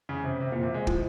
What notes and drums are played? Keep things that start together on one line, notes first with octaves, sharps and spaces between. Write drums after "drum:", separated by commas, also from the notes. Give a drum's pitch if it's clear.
C#3
C3
C3
A#2
C3
G#3
F3, drum: kick